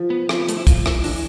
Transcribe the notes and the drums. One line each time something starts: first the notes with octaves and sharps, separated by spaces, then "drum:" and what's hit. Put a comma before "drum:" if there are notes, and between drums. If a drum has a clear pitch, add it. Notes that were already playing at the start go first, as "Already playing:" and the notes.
Already playing: F3
B3
F3 C4, drum: rim click
B3
A3, drum: hi-hat
E4
F4, drum: kick, hi-hat
E4, drum: rim click
E3 D4, drum: open hi-hat